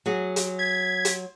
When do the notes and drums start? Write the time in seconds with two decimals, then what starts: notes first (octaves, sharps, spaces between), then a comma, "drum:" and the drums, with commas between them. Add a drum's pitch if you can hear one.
0.06 F#3 F#4 G#4
0.36 drum: hi-hat
0.59 G#6 B6
1.05 drum: hi-hat